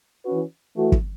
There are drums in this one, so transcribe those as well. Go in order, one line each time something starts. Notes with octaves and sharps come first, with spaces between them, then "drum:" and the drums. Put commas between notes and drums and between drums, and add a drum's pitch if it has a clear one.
E3 C#4 F#4 B4
E3 A3 F#4
drum: kick